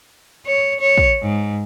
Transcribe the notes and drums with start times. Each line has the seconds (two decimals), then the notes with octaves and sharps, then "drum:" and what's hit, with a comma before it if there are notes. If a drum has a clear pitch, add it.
0.46 C#5
0.80 C#5
0.97 drum: kick
1.22 G#2